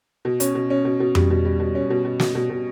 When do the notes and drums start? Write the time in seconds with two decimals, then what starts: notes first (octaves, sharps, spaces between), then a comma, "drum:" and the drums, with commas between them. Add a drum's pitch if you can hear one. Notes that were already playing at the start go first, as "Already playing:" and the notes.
0.25 B2
0.40 C#4, drum: hi-hat
0.55 B2
0.70 C#4
0.85 B2
1.00 B2
1.15 G3, drum: tom F2
1.30 B2
1.45 G3
1.59 B2
1.75 C#4
1.90 B2
2.05 B2
2.20 B2, drum: snare
2.35 B2
2.50 B2